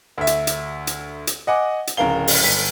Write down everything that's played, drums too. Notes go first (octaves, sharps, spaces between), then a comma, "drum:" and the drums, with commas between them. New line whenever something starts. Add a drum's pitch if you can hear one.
D2 E5
drum: hi-hat
drum: hi-hat
drum: hi-hat
drum: hi-hat
D#5 F#5 G#5 D6
drum: hi-hat
D1 C#3 A#4 F5 G7
drum: open hi-hat
G1 B6